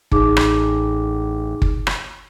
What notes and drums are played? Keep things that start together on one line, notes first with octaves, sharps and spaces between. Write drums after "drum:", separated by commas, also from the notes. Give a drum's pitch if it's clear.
A1 D#4 G#4 D6, drum: kick
drum: rim click
drum: kick
drum: rim click